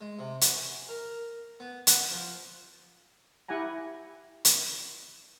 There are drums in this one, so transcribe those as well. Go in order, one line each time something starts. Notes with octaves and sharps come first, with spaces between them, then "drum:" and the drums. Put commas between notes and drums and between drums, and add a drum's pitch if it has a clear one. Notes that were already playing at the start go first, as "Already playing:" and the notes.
G#3
C3
F#4, drum: hi-hat
G#5
A#4
B3
F#5, drum: hi-hat
F3
E4 G4 F#5 G#5 A#5
drum: hi-hat